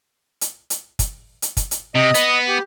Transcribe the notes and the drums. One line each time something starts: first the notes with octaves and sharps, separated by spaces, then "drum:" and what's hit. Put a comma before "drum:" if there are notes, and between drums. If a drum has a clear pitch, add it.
drum: hi-hat
drum: hi-hat
drum: kick, hi-hat
drum: hi-hat
drum: kick, hi-hat
drum: hi-hat
C3 D#5
B3, drum: hi-hat
G4